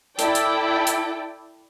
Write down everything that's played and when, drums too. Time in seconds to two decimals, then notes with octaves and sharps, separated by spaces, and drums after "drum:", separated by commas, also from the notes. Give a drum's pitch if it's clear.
0.19 E4 A4 D5 G5, drum: hi-hat
0.35 drum: hi-hat
0.87 drum: hi-hat